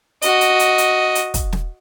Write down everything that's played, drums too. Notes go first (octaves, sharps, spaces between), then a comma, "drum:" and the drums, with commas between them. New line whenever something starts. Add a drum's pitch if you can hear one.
F#4 D#5, drum: hi-hat
drum: hi-hat
drum: hi-hat
drum: hi-hat
drum: hi-hat
drum: kick, hi-hat
drum: snare